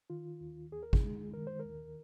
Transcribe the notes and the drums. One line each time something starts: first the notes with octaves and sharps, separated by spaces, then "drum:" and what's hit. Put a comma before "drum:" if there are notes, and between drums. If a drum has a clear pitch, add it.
D#3 F4
D#2
D#2 G#4
A#4
G#4, drum: kick G#1
G#3
D#3 A#4
C5
A#4
D#2